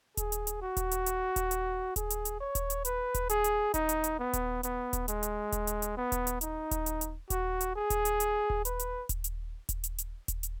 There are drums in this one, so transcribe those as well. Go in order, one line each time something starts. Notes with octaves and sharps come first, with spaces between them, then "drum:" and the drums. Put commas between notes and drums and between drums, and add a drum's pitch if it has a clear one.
G#4, drum: kick D#1, hi-hat
drum: hi-hat
drum: hi-hat
F#4
drum: kick D#1, hi-hat
drum: hi-hat
drum: hi-hat
drum: kick D#1, hi-hat
drum: hi-hat
G#4, drum: kick D#1, hi-hat
drum: hi-hat
drum: hi-hat
C#5
drum: kick D#1, hi-hat
drum: hi-hat
B4, drum: hi-hat
drum: kick D#1, hi-hat
G#4, drum: hi-hat
drum: hi-hat
D#4, drum: kick D#1, hi-hat
drum: hi-hat
drum: hi-hat
B3
drum: kick D#1, hi-hat
B3, drum: hi-hat
drum: kick D#1, hi-hat
G#3, drum: hi-hat
drum: hi-hat
drum: kick D#1, hi-hat
drum: hi-hat
drum: hi-hat
B3
drum: kick D#1, hi-hat
drum: hi-hat
D#4, drum: hi-hat
drum: kick D#1, hi-hat
drum: hi-hat
drum: hi-hat
F#4, drum: kick D#1, hi-hat
drum: hi-hat
G#4
drum: kick D#1, hi-hat
drum: hi-hat
drum: hi-hat
drum: kick D#1
B4, drum: hi-hat
drum: hi-hat
drum: kick D#1, hi-hat
drum: hi-hat
drum: kick D#1, hi-hat
drum: hi-hat
drum: hi-hat
drum: kick D#1, hi-hat
drum: hi-hat